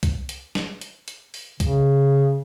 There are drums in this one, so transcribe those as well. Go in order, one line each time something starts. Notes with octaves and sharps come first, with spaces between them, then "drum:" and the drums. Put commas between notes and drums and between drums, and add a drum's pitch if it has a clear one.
drum: kick C2, hi-hat
drum: hi-hat
drum: snare
drum: hi-hat
drum: hi-hat
drum: open hi-hat
C#3, drum: kick C2, hi-hat